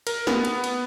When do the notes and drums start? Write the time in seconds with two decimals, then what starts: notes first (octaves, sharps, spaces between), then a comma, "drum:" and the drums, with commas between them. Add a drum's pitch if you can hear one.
0.07 A#4, drum: cymbal
0.27 B3, drum: snare
0.45 drum: cymbal
0.64 drum: cymbal